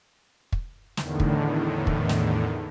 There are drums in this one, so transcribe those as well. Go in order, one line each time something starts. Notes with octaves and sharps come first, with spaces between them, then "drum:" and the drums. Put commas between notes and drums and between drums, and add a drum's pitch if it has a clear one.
drum: kick
E2 A2 D3 D#3, drum: snare
drum: kick
drum: kick
drum: snare